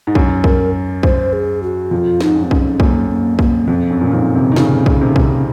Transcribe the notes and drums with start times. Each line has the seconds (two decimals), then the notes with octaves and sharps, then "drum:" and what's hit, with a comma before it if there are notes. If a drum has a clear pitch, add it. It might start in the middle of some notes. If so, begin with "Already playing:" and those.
0.07 G#2
0.15 F#2, drum: kick B1
0.44 A#4, drum: kick B1
1.03 C5, drum: kick B1
1.33 G#4
1.62 F#4
1.91 F2 F4
2.21 G#2 D#4, drum: snare
2.35 F#2
2.44 C4
2.51 C#4, drum: kick B1
2.80 F#2 A#3, drum: kick B1
3.10 A#3
3.39 A#3, drum: kick B1
3.68 F2 C4
3.90 F#2
4.01 A#2
4.07 C#4
4.12 F2 G#2 C4
4.35 C3 D#3
4.52 D#3
4.56 A#2 C#3 C4, drum: snare
4.86 C#4, drum: kick B1
5.01 C3 D#3
5.16 C#4, drum: kick B1